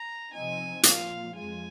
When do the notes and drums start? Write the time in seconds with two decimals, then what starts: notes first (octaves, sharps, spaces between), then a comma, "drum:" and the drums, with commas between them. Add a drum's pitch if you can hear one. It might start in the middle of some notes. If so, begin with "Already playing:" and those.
Already playing: A#5
0.32 C3 F3 C4 D#4 G#5
0.83 A#2 F3 A#3 F4 F5, drum: hi-hat
1.34 F2 F3 G#3 F4 G#5